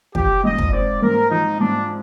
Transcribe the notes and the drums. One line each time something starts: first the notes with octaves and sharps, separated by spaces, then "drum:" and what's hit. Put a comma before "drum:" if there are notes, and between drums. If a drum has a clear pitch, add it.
F3 G4, drum: kick
G#2 D#5
drum: kick
C4 D5
G#2 A#4
F3 D#4
G#2 D4